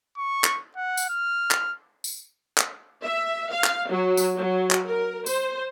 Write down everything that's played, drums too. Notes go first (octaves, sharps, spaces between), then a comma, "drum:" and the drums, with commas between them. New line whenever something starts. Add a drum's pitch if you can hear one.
C#6
drum: clap
F#5
drum: tambourine
F6
drum: clap
drum: tambourine
drum: clap
E5
F5
drum: clap
F#3
drum: tambourine
F#3
drum: clap
A#4
C5, drum: tambourine